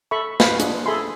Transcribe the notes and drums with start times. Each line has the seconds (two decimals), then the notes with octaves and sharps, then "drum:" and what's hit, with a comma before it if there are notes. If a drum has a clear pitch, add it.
0.11 A4 E5 B5 C#6
0.40 B4 C5 F5 F#5 G#5 B5, drum: snare
0.60 D4 F4 F#4 G#4, drum: hi-hat
0.86 G#4 A4 E5 G#5 B5 C6